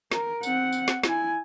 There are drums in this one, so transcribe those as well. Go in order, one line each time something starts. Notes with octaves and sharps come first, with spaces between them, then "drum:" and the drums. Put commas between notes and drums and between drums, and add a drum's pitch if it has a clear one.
A#4, drum: snare
C4 F#5, drum: tambourine
drum: tambourine
drum: snare
E4 G#5, drum: snare